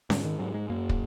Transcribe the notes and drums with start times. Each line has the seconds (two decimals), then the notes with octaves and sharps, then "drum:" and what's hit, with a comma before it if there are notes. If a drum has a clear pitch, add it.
0.10 G#2 D3, drum: snare C#4
0.25 D#3
0.39 G#2 F#3
0.54 G#3
0.70 F#2 A#3
0.89 drum: kick